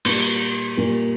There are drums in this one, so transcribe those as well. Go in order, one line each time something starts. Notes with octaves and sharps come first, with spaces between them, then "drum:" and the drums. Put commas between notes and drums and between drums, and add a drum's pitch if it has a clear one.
A#2 G3 A#3, drum: cymbal
A#2 G3 A#3